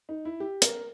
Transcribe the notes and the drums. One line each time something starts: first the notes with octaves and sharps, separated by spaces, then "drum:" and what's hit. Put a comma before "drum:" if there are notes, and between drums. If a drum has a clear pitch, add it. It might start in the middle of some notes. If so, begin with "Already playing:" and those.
D#4
E4
G4
A#4, drum: hi-hat